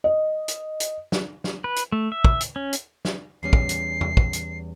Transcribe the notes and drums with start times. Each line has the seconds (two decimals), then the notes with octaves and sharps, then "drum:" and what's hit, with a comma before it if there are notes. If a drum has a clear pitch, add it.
0.04 D#5
0.48 drum: hi-hat
0.80 drum: hi-hat
1.12 drum: snare
1.44 drum: snare
1.64 B4
1.76 drum: hi-hat
1.92 A3
2.12 E5
2.25 drum: kick
2.41 drum: hi-hat
2.56 C#4
2.73 drum: hi-hat
3.05 drum: snare
3.43 E2 G3 C#4 C7
3.53 drum: kick
3.69 drum: hi-hat
4.01 drum: tom E2
4.17 drum: kick
4.33 drum: hi-hat